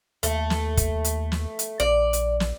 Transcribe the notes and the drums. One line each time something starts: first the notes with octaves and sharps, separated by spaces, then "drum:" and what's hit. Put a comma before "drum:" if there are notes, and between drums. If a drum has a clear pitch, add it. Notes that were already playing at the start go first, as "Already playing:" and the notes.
D#2 A3, drum: hi-hat
drum: snare
drum: kick, hi-hat
drum: hi-hat
drum: snare
drum: hi-hat
A#1 D5
drum: hi-hat
drum: snare